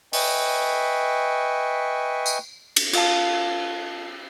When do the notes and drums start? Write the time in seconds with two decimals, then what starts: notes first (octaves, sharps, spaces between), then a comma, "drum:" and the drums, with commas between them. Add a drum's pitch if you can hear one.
0.13 B4 D#5 E5 G5 G#5 C#6, drum: open hi-hat
2.26 drum: tambourine
2.76 drum: cymbal
2.93 F4 F5 A5, drum: cymbal